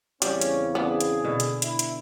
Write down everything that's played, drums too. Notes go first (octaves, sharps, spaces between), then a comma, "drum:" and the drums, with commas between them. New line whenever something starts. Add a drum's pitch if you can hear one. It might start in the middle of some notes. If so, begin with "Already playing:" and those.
E2 C#3 G3 C4 C#4, drum: hi-hat
drum: hi-hat
B3 D4 G#4
drum: hi-hat
B2 D3
drum: hi-hat
E4, drum: hi-hat
drum: hi-hat